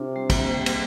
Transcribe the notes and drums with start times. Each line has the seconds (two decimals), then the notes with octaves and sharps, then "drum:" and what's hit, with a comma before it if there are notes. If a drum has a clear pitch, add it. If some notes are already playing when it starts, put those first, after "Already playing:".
Already playing: C3 C4 D4 F4
0.16 G3
0.30 A#3, drum: kick, cymbal
0.45 A#3
0.54 G3
0.66 drum: cymbal